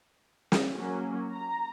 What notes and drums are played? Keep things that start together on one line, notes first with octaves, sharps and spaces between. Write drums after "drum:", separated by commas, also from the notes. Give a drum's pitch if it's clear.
drum: snare
F#3 A#3 C#4
A#5